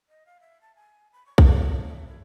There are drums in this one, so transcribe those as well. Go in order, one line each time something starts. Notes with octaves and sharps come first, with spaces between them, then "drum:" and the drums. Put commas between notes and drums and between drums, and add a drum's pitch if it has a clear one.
D#5
F5
E5
A5
G#5
B5
C#6
C5, drum: kick
C5
D5
E5
E4